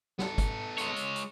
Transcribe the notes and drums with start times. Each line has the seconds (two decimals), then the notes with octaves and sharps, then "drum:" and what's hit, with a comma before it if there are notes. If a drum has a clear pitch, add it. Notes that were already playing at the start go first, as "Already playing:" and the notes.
0.19 B3 A4, drum: snare
0.38 drum: kick, hi-hat
0.78 G#3 C#5, drum: hi-hat
0.96 drum: hi-hat
1.16 drum: hi-hat